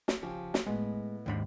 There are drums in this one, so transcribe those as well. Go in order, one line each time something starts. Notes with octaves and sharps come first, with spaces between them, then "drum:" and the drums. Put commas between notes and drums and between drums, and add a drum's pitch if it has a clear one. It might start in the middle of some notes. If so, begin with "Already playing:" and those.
drum: snare
C#3 F3 G4
drum: snare
A2 G#3 B3 D#5
D#2 G#2 D4 B5